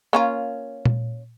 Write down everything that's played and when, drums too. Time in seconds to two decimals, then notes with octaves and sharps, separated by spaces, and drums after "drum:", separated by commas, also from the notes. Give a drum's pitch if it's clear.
0.13 A#3 C#4 F4
0.85 drum: tom A#2